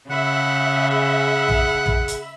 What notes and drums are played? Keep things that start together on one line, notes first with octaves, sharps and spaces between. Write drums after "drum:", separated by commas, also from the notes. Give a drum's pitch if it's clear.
C#3 E5 F#5 B5
G#4 F#5
drum: tom A#1
drum: tom A#1
drum: hi-hat